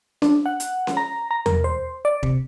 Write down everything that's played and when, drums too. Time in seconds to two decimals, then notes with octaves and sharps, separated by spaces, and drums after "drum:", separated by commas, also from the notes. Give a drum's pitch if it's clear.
0.22 D4, drum: snare C#4
0.46 F#5
0.60 drum: hi-hat
0.87 drum: snare C#4
0.97 A#5
1.31 A#5
1.46 A#4, drum: tom E2
1.64 C5
2.05 D5
2.23 C3, drum: kick E1